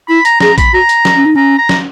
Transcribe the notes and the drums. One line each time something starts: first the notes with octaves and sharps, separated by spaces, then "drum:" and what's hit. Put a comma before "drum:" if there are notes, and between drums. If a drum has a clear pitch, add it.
E4 B5
A#5, drum: hi-hat
G#4 A#5, drum: snare
B5, drum: kick A#1, hi-hat
F#4 A#5
drum: hi-hat
drum: snare
C#4
D#4
C#4 A#5
A#5
drum: snare